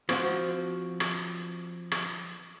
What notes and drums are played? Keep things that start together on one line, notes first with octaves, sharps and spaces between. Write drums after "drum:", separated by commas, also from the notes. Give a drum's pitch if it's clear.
F3 C4 F#4, drum: rim click
drum: rim click
drum: rim click